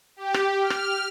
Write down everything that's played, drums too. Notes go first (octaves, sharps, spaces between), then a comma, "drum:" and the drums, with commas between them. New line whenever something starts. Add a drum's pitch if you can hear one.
G4
drum: rim click
F6
drum: rim click